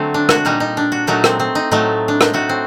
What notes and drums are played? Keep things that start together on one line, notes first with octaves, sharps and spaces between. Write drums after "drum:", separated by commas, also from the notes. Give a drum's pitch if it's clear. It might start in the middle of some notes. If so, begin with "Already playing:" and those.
Already playing: D3 F#3 A3 C4
D4
F#4, drum: rim click
A#2 G3 A#3 D#4
D#4
D4
F#4
A#2 F#3 A3 D#4
C4, drum: rim click
C4
D#4
A2 F#3 A3 D#4
D4
D#4, drum: rim click
A2 A3 F#4
C4